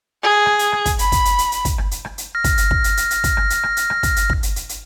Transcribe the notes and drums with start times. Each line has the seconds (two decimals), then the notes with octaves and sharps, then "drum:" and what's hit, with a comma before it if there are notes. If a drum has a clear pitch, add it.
0.23 G#4
0.46 drum: rim click
0.59 drum: hi-hat
0.72 drum: rim click
0.86 drum: kick, hi-hat
0.99 B5, drum: hi-hat
1.12 drum: kick, hi-hat
1.25 drum: hi-hat
1.38 drum: hi-hat
1.52 drum: hi-hat
1.65 drum: kick, hi-hat
1.78 drum: rim click
1.91 drum: hi-hat
2.05 drum: rim click
2.18 drum: hi-hat
2.35 F6 A#6
2.44 drum: kick, hi-hat
2.58 drum: hi-hat
2.71 drum: kick
2.84 drum: hi-hat
2.97 drum: hi-hat
3.10 drum: hi-hat
3.24 drum: kick, hi-hat
3.37 drum: rim click
3.50 drum: hi-hat
3.63 drum: rim click
3.77 drum: hi-hat
3.90 drum: rim click
4.03 drum: kick, hi-hat
4.16 drum: hi-hat
4.30 drum: kick
4.43 drum: hi-hat
4.56 drum: hi-hat
4.69 drum: hi-hat